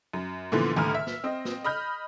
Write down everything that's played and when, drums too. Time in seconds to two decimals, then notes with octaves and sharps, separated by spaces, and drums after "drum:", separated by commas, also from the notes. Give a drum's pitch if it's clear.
0.13 F#2
0.52 A#2 D3 E3 F3 B3
0.76 C#2 A2 D3 G#5 A#5 F6, drum: tom D#3
0.95 E5
1.07 drum: snare
1.24 C4 D#5
1.45 drum: snare
1.64 D#5 B5 F6 G6